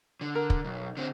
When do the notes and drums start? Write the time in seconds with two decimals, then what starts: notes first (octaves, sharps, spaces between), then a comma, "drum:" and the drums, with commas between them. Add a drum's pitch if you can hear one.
0.21 D3
0.35 A#4
0.50 drum: kick
0.65 B1
0.97 D3 C4